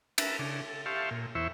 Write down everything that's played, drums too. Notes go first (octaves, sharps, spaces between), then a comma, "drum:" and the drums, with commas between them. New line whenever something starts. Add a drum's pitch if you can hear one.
A#4 B4 E5 A5, drum: cymbal
C#3 D4
A4
G4 E5 F5 A5 C6 C#6
A#2
E2 E4 C5 E5 C#6